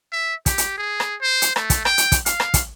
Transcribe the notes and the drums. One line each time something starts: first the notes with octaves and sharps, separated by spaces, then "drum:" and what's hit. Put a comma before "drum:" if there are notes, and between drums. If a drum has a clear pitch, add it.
E5
G4, drum: kick, hi-hat
drum: hi-hat
G#4
drum: rim click
C5
drum: hi-hat
A3, drum: rim click
drum: kick, hi-hat
G5, drum: rim click
drum: hi-hat
drum: kick, hi-hat
F5, drum: hi-hat
drum: rim click
drum: kick, hi-hat